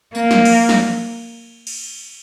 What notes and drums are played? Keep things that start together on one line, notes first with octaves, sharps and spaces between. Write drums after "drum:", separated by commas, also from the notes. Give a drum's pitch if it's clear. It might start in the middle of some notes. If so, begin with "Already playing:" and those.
A#3, drum: tambourine
drum: snare
drum: cymbal
drum: snare
drum: cymbal